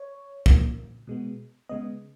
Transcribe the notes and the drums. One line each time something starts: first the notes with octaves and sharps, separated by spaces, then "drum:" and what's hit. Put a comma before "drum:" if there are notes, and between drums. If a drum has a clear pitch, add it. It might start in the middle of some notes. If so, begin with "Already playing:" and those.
Already playing: C#5
D#3, drum: kick
A#3
B2 G#3 B3
C#3 G#3 B3 D#5